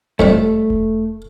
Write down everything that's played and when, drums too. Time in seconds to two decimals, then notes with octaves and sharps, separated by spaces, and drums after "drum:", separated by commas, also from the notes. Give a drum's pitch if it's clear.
0.19 F2 A2 G3 A3, drum: kick E1
0.70 drum: kick E1